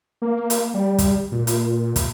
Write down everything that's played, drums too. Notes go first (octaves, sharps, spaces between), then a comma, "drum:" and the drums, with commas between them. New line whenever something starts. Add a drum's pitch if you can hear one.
A#3
drum: hi-hat
G3
drum: kick, hi-hat
A#2
drum: hi-hat
drum: kick, hi-hat